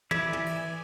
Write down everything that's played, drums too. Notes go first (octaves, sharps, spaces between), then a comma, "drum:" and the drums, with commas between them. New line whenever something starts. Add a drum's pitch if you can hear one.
E3 E4 D5 G#5 G#6 B6, drum: tom
drum: tom
drum: cymbal